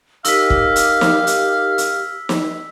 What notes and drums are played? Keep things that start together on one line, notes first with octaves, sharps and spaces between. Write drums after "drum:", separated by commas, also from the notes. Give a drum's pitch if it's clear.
D#4 G4 A#4 D#5 F5 E6 B6, drum: hi-hat
drum: kick
drum: hi-hat
drum: snare
drum: hi-hat
drum: hi-hat
drum: snare